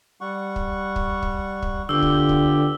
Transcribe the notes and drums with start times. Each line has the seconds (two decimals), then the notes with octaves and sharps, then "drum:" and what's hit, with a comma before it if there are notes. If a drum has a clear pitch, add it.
0.21 G3 F#5 C#6
0.56 drum: kick
0.96 drum: kick
1.22 drum: kick
1.62 drum: kick
1.89 D3 B3 F4 G4 E6 G7
2.02 drum: kick
2.29 drum: kick